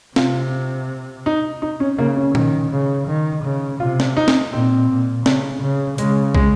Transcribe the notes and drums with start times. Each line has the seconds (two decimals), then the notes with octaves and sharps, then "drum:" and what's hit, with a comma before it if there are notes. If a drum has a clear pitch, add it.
0.16 C3 F4, drum: snare C4
1.26 D#4
1.62 D#4
1.80 C#4
1.98 C#3 A#3
2.16 C#4
2.35 D#3, drum: tom A#2
2.71 C#3
3.07 D#3
3.44 C#3
3.80 C3 F4
4.00 drum: snare C4
4.17 D#4
4.28 drum: snare C4
4.53 A#2 C4
4.89 A#2
5.26 C#3, drum: snare C4
5.62 C#3
5.98 C#3 G#3, drum: hi-hat
6.35 G#3, drum: kick